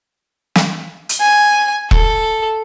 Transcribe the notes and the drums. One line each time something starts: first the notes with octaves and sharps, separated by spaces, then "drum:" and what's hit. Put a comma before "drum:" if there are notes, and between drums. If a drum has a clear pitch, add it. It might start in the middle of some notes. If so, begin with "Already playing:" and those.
drum: snare
drum: hi-hat
G#5
A4, drum: kick E1